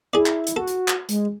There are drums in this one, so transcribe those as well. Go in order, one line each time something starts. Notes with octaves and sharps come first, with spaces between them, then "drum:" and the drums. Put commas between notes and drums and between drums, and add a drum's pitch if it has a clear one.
E4 G#4 D5
drum: clap
drum: hi-hat
F#4 A4
drum: hi-hat
drum: clap
G#3, drum: hi-hat